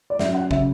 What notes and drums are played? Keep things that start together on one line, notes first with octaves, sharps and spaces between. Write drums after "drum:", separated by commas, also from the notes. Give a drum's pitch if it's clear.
D5
F#2 E5, drum: snare
F#5
C#3 E5, drum: kick